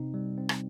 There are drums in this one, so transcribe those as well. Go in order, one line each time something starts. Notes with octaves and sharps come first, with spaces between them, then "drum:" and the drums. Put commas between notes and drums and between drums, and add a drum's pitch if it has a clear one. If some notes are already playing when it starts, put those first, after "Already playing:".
Already playing: C3 C4 D#4
G3
C4
drum: rim click